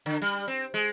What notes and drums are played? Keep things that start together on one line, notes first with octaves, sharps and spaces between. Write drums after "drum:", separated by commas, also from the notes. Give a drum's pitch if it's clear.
D3
G3, drum: open hi-hat
C4
G#3